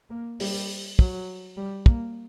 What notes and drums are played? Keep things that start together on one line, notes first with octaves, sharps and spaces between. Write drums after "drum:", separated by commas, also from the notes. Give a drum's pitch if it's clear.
A#3
G3, drum: open hi-hat
F#3, drum: kick
G3
A#3, drum: kick